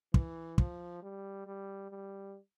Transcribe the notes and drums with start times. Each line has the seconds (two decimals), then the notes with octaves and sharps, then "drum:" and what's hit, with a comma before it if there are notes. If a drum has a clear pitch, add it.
0.14 E3, drum: kick
0.58 F3, drum: kick
1.02 G3
1.47 G3
1.90 G3